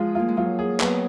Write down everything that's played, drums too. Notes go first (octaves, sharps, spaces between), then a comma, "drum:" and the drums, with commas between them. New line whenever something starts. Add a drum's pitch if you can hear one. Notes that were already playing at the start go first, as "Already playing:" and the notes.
Already playing: F3 G#3 F4 G#4
A#3 F4
G#3
F#3 F4
G#4
F#3 B3, drum: clap